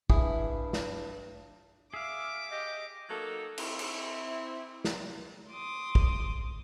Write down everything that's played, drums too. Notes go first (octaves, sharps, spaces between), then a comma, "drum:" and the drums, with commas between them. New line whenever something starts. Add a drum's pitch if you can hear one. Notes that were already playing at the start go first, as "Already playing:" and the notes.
G2 E4 G#4, drum: kick
drum: snare
G#4 E5 F5 D6
G4 D#5
F#3 A#3 D#4 A4
C4 E4, drum: cymbal
drum: cymbal
drum: snare
C6 D6 D#6
drum: kick